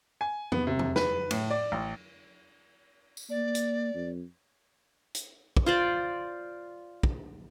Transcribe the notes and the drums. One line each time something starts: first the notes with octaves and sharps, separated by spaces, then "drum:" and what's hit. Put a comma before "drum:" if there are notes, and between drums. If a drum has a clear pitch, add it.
G#5
B3, drum: tom E2
C3
drum: tom E2
B4, drum: snare
A2, drum: cymbal
D5
A1
drum: tambourine
A#3 D5
drum: hi-hat
F2
drum: hi-hat
drum: kick
F4 C5 D5
drum: kick